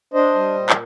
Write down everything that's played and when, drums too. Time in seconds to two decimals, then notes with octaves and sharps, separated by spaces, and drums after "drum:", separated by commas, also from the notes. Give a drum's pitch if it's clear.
0.14 D4 C5 D#5
0.34 G3
0.56 A#2
0.70 drum: clap